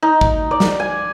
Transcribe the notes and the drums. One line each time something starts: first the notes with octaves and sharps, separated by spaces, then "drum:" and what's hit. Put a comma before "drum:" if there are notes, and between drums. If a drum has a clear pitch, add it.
D#4
drum: kick
D5
drum: snare
G#5